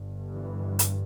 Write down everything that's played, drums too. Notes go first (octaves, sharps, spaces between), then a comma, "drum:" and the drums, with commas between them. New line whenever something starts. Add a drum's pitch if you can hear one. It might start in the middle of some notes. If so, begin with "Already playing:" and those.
Already playing: G1 G2
E3
drum: hi-hat